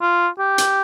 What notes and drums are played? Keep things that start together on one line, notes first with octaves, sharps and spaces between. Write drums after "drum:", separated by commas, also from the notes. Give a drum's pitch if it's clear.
F4
G4
drum: hi-hat